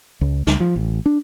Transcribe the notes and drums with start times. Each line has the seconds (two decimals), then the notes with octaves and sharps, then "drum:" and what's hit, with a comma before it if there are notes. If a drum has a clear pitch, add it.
0.21 C#2
0.47 C#2, drum: snare
0.60 F3
0.76 A1
1.06 D4